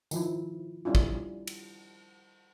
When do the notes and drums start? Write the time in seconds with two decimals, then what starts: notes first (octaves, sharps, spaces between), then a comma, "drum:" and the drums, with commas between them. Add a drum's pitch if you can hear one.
0.11 D#3 F3 E4, drum: tambourine
0.85 G3 C#4 D4 E4 F4
0.95 drum: kick
1.47 drum: cymbal